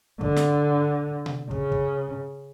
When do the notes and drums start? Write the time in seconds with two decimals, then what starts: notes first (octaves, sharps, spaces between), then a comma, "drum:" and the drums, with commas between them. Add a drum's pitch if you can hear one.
0.21 D3, drum: kick
0.36 drum: snare
1.26 drum: tom B2
1.51 C#3, drum: kick
1.72 drum: kick